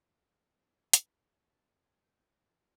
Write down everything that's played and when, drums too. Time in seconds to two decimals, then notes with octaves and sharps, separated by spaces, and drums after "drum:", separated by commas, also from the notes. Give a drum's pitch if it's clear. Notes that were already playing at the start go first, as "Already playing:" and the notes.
0.14 A#4
0.67 E4
0.93 B5, drum: hi-hat
1.21 C#5
1.50 A5
1.68 G#4
1.82 G#5
2.02 G5
2.28 D#4
2.46 A5
2.62 A#4